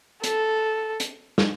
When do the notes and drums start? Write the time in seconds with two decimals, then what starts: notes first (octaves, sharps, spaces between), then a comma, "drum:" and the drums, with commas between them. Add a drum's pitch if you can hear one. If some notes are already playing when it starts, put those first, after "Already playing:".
0.24 A4, drum: hi-hat
1.00 drum: hi-hat
1.38 drum: snare